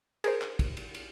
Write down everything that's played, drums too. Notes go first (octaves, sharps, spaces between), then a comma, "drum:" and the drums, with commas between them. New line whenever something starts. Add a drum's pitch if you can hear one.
G#4 A#4 C5, drum: cymbal
drum: clap
drum: kick, cymbal
drum: cymbal
drum: cymbal